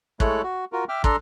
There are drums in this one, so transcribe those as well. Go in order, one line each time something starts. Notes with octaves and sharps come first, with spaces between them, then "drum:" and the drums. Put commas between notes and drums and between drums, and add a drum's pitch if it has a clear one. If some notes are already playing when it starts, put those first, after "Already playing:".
G#3 A3 E4 A4 C#5 F#6, drum: kick
F#4
F4 F#4 A#4
E5 G5 D6 F6
D4 A4 A#5 C6, drum: kick